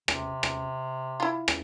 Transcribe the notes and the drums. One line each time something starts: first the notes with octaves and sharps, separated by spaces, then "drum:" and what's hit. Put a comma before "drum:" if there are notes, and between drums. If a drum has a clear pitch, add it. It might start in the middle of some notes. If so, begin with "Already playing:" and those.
C3, drum: rim click
drum: rim click
E4 F4
drum: rim click